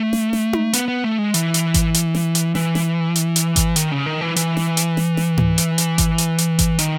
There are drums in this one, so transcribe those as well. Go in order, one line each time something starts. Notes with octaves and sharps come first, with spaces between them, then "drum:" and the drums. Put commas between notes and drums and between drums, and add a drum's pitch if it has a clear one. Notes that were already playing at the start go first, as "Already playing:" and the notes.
Already playing: A3
drum: snare
drum: snare
drum: tom D#4
B3, drum: hi-hat
B3
A3
G#3
E3, drum: hi-hat
drum: hi-hat
drum: kick G#1, hi-hat
drum: hi-hat
drum: snare
drum: hi-hat
E3, drum: snare
drum: snare
drum: hi-hat
drum: hi-hat
drum: kick G#1, hi-hat
D#3, drum: hi-hat
C#3
D#3
E3
E3, drum: hi-hat
drum: snare
drum: hi-hat
drum: snare
drum: snare
drum: tom G#2
drum: hi-hat
drum: hi-hat
drum: kick G#1, hi-hat
drum: hi-hat
drum: hi-hat
drum: kick G#1, hi-hat
D#3, drum: hi-hat